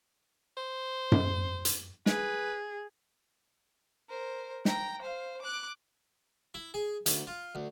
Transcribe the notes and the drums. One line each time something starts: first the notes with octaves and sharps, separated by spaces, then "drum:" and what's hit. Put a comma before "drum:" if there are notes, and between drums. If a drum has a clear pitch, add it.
C5
drum: tom F#2
drum: hi-hat
G#4 B4, drum: snare
A#4 C5
G5 A#5, drum: snare
C5 F5
D6 F#6
E4
G#4
D2, drum: hi-hat
F4
D2